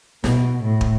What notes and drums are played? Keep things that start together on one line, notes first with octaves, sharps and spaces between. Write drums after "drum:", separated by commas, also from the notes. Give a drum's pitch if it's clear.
B2, drum: snare
A2
drum: kick